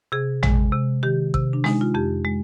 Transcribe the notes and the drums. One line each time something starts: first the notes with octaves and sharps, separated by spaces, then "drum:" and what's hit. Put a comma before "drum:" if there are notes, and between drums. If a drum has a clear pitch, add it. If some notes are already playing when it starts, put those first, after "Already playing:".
C3 G#4
G#3, drum: tom
C3
D#3 G4
C3, drum: kick A1
D4
G#3 D#4, drum: snare
F4
F2 G4
G#3